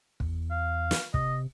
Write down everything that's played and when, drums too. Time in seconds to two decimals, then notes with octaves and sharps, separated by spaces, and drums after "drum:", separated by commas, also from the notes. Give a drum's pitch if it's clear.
0.20 E2, drum: kick
0.51 F5
0.91 drum: snare
1.14 C3 D#5, drum: kick